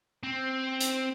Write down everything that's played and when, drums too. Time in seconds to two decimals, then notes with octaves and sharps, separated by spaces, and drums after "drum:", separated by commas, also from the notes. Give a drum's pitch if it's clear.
0.23 C4
0.80 drum: hi-hat